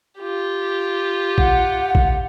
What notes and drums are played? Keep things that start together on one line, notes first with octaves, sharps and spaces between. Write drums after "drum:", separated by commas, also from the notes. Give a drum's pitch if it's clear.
F4 G4
F#5, drum: kick A#1
drum: kick A#1